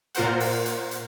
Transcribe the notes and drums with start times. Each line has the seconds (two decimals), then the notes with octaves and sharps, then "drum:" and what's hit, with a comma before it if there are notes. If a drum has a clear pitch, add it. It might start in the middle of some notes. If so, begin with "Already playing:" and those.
0.15 A#2 F4 A#4 C5 F#5, drum: hi-hat
0.40 drum: open hi-hat
0.66 drum: hi-hat
0.91 drum: hi-hat